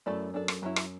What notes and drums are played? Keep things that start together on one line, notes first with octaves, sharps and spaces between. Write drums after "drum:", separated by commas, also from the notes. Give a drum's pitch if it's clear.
F#2 A3 E4 A4 D5
F#2 D4 A4 D5
drum: rim click
F#2 F#3 C#4 E4
drum: rim click